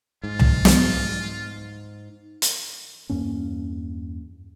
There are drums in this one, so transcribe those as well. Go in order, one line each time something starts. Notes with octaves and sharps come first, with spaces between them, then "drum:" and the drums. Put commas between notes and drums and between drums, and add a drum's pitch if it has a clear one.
G#2 F4
drum: tom C2
drum: snare
drum: hi-hat
E2 G2 A#3 C#4